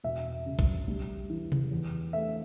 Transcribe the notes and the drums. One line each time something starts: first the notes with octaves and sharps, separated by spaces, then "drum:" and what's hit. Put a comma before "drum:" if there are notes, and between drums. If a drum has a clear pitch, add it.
E1 E5
C#3
drum: kick
G3
E3
drum: tom C3
E2
A3 E5